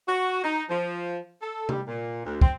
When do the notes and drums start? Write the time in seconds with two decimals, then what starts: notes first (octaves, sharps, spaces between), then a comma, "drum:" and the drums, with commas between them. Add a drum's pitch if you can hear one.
0.07 F#4
0.43 D#4
0.69 F3
1.41 A4
1.69 G3, drum: tom C3
1.88 A#2
2.24 D2
2.41 C4, drum: kick